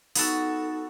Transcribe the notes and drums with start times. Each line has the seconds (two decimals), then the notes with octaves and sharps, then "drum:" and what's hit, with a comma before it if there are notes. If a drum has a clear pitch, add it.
0.15 B3 D#4 F#4 A4, drum: open hi-hat